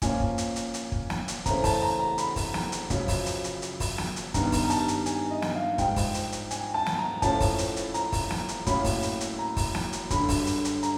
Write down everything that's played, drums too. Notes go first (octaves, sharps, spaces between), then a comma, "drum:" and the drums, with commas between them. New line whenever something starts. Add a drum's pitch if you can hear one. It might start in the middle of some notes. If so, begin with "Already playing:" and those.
A#2 F3 A#3 C#4 G#5, drum: kick, hi-hat
drum: kick
drum: hi-hat
drum: hi-hat
drum: hi-hat
drum: kick
drum: snare
drum: hi-hat
C#3 E3 A3 C4 A#5, drum: kick, hi-hat
A5, drum: kick, open hi-hat
A#5
A#5
B5, drum: hi-hat
drum: kick, open hi-hat
drum: snare
drum: hi-hat
F#2 C#3 F3, drum: kick, hi-hat
drum: kick, open hi-hat
drum: hi-hat
drum: hi-hat
drum: hi-hat
drum: kick, open hi-hat
drum: snare
drum: hi-hat
G2 D#3 G3 B3 A#5, drum: kick, hi-hat
drum: kick, open hi-hat
A#5
A5, drum: hi-hat
drum: hi-hat
G#5, drum: hi-hat
D#5
drum: snare
F5
G#2 F3 G#3 G5, drum: kick, hi-hat
drum: kick, open hi-hat
drum: hi-hat
drum: hi-hat
G#5, drum: hi-hat
A5
drum: snare
A#5
A2 F3 A3 C#4 A5, drum: kick, hi-hat
drum: kick, open hi-hat
drum: hi-hat
drum: hi-hat
A#5, drum: hi-hat
drum: kick, open hi-hat
drum: snare
drum: hi-hat
A2 F#3 A#3 C#4 B5, drum: kick, hi-hat
drum: kick, open hi-hat
drum: hi-hat
drum: hi-hat
A#5
drum: kick, open hi-hat
drum: snare
drum: hi-hat
G2 D3 F#3 B5, drum: kick, hi-hat
drum: kick, open hi-hat
drum: hi-hat
drum: hi-hat
A#5, drum: hi-hat